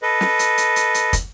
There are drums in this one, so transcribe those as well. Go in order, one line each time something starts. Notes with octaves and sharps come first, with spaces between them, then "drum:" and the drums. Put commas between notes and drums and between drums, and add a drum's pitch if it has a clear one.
A4 B4 D#5
drum: snare
drum: hi-hat
drum: hi-hat
drum: hi-hat
drum: hi-hat
drum: kick, hi-hat